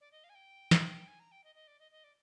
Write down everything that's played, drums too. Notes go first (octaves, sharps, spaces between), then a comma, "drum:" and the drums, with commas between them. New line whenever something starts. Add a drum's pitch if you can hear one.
D5
D#5
F5
G#5
G5
drum: snare
G#5
A#5
G5
D#5
D#5
D5
D#5
D#5
D5